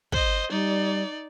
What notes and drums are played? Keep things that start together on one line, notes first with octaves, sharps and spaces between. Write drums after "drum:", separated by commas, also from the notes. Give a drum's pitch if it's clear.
C5 D#5, drum: kick
G3 D#4 D5